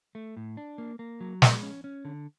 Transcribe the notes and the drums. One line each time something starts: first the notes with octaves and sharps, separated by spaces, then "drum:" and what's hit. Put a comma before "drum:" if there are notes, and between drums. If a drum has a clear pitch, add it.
A3
A2
D4
A#3
A#3
F#3
G#3, drum: snare
C#4
C#4
D3